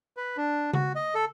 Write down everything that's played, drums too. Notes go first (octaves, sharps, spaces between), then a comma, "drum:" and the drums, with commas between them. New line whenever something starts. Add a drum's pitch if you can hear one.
B4
D4
F#4, drum: tom C#3
D#5
A4